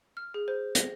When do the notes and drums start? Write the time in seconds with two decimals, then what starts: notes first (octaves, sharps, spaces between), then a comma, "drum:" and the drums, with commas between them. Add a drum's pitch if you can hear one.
0.17 F6
0.34 G#4
0.48 C5
0.75 A#6, drum: hi-hat